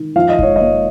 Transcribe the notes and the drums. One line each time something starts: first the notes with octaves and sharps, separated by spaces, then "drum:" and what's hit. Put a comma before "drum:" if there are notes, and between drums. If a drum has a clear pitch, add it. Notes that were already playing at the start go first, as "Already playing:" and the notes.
Already playing: D#3
F3 F5
D#5
F3 C#5, drum: kick F1
A#3 D#5